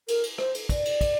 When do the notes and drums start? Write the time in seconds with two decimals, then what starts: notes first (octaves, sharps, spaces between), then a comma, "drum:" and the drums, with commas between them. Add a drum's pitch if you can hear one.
0.08 A#4, drum: cymbal
0.23 drum: cymbal
0.38 C5, drum: rim click
0.54 drum: cymbal
0.69 D5, drum: kick, cymbal
0.85 drum: cymbal
1.01 drum: kick, cymbal